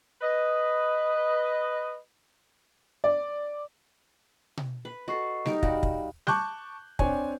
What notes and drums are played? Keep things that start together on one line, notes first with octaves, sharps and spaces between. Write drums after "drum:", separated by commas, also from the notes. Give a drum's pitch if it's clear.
B4 D#5
D5
drum: tom B2
B4
F#4 A4 D#5 C#6 C7
D#4 G4 A#4, drum: snare G3
G3 F#4 F5, drum: kick
drum: kick
A5 C#6 D6 F#6 G6, drum: snare G3
C4 D4 C#5 G#5, drum: kick